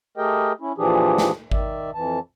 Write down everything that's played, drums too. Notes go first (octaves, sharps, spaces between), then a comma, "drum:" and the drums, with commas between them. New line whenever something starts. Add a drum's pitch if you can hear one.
A3 G4 G#4 A#4 D#5 G5
C#4 E4
A#2 E3 F3 D4 G4 G#4
drum: snare
D#3 D5 E5, drum: kick G#1
F2 E3 A5